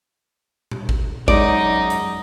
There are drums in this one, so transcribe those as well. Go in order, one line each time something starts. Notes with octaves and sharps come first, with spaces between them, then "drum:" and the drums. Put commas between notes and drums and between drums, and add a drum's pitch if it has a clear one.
drum: tom A#2
drum: kick G#1
F#2 G#3 D#4 D5, drum: kick G#1
drum: hi-hat